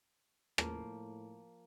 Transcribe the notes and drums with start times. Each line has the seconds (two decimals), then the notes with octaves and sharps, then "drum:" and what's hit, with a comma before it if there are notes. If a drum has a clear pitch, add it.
0.58 A2 F3 A#3, drum: rim click